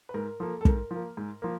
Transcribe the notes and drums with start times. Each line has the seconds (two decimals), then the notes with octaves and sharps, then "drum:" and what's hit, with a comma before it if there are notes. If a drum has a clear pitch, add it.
0.09 B4
0.14 G#2 A#4
0.40 F3 A#3 A4
0.61 A4
0.65 G#2 A#4, drum: kick
0.91 F3
0.96 A#3
1.17 G#2
1.42 F3 A#3